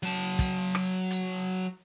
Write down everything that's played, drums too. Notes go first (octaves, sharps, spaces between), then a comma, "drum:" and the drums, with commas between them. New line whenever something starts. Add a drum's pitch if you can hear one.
F#3 A5
drum: kick, hi-hat
drum: rim click
drum: hi-hat